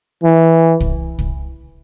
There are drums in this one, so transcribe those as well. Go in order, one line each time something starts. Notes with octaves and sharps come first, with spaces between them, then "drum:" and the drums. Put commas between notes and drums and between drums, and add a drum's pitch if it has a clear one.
E3
drum: kick
drum: kick